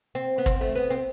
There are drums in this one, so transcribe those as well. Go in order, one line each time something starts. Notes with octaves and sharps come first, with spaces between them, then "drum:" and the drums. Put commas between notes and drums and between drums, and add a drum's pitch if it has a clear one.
C4
B3
C4, drum: kick
A3
B3
C4